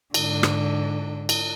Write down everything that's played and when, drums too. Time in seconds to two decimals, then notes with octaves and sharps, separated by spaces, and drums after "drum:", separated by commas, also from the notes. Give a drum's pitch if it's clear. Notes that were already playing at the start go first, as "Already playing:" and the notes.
0.14 G#2 D3, drum: cymbal
0.43 drum: rim click
1.29 drum: cymbal